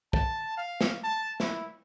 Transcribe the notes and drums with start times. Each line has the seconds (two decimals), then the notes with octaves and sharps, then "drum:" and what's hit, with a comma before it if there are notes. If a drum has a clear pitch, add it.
0.13 A5, drum: kick
0.58 F5
0.81 drum: snare
1.04 A5
1.40 E4, drum: snare